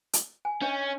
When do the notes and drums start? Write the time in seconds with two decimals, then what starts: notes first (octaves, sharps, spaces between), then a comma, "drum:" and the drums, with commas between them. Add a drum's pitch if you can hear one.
0.13 drum: hi-hat
0.45 G#5
0.62 C#4 D4 C#5 D#5